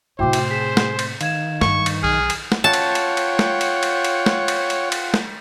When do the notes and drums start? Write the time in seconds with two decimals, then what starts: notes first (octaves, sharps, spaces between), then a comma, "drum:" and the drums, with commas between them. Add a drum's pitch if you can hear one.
0.19 A2 C3 E4 F#4 C5 G5 D6
0.33 drum: cymbal
0.51 G#4 B6 E7
0.77 drum: snare
0.99 drum: cymbal
1.21 D#3 F5 G#6 E7, drum: cymbal
1.61 G2 C#6, drum: snare
1.86 drum: cymbal
2.03 B1 G#4 F6
2.30 drum: cymbal
2.52 drum: snare
2.64 F4 C#5 F#5 G5 A5
2.73 drum: cymbal
2.95 drum: cymbal
3.17 drum: cymbal
3.39 drum: snare
3.61 drum: cymbal
3.83 drum: cymbal
4.05 drum: cymbal
4.26 drum: snare
4.48 drum: cymbal
4.70 drum: cymbal
4.92 drum: cymbal
5.14 drum: snare